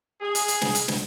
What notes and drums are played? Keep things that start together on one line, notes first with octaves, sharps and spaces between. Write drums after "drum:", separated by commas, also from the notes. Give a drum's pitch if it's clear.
G#4
drum: hi-hat
drum: hi-hat
drum: snare
drum: hi-hat
drum: snare